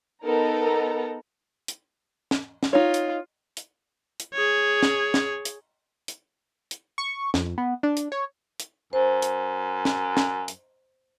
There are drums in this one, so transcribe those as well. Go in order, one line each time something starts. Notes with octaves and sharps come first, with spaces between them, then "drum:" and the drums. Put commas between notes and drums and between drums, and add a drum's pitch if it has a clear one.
B3 D#4 A4 A#4 A#5
drum: hi-hat
drum: snare
drum: snare
D#4 F4 C#5
drum: hi-hat
drum: hi-hat
drum: hi-hat
G#4 C#5
drum: snare
drum: snare
drum: hi-hat
drum: hi-hat
drum: hi-hat
C#6
F2, drum: snare
B3
D4
drum: hi-hat
C#5
drum: hi-hat
F#2 C5
drum: hi-hat
drum: snare
drum: snare
drum: hi-hat